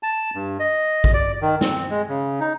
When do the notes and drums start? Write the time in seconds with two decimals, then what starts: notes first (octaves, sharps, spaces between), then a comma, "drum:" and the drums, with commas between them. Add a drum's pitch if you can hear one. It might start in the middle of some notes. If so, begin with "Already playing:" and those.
0.03 A5
0.35 G2
0.60 D#5
1.04 drum: kick
1.14 D5
1.42 D#3
1.61 C4, drum: snare
1.90 G#3
2.09 C#3
2.40 D#4